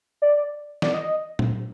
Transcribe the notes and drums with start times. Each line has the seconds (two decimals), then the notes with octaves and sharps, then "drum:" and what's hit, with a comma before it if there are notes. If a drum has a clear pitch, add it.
0.22 D5
0.82 D5, drum: snare
0.94 D#5
1.39 drum: tom A#2